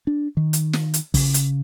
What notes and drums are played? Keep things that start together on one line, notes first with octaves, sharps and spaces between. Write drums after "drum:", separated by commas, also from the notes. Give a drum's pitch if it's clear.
D4
D#3
drum: hi-hat
drum: snare
drum: hi-hat
C#3, drum: kick, open hi-hat
drum: hi-hat